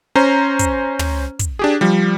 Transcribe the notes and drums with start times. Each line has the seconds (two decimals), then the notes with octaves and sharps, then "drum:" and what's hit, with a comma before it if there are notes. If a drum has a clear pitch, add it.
0.15 C#4 C5 A#5
0.59 drum: kick, hi-hat
0.99 drum: tom
1.39 drum: kick, hi-hat
1.59 D4 G4 G#4
1.81 F3 G3